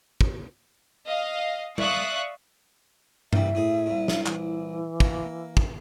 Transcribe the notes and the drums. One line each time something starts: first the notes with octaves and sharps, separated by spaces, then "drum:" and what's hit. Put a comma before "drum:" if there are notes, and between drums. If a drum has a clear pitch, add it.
drum: kick
D#5 F5
D5 E5 F5 C#6 D#6 F#6, drum: tom G3
C2 G3 E5, drum: tom G2
A2 G#4
C2 A#2
drum: snare
E3, drum: clap
A#3, drum: kick
drum: kick